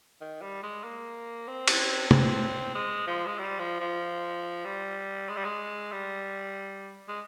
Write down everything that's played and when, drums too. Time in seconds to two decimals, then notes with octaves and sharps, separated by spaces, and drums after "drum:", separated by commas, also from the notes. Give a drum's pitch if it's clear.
0.21 D#3
0.42 G3
0.63 G#3
0.84 A#3
1.48 C4
1.68 drum: cymbal
2.11 C4, drum: tom
2.75 G#3
3.07 F3
3.26 G#3
3.39 G3
3.59 F3
3.80 F3
4.65 G3
5.29 G#3
5.37 G3
5.45 G#3
5.92 G3
7.08 G#3